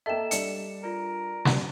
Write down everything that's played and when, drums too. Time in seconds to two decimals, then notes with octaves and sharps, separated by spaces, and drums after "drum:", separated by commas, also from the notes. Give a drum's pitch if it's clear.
0.06 A#3 A4 D#5 E5 G5 A5 E7
0.31 G3 D4 C#7, drum: hi-hat
0.84 F4 A#4 D5
1.45 drum: snare